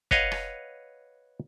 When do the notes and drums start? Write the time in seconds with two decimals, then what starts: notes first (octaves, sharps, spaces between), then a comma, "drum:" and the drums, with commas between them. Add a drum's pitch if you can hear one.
0.11 B4 C#5 D#5 F5 F#5, drum: kick
0.32 drum: rim click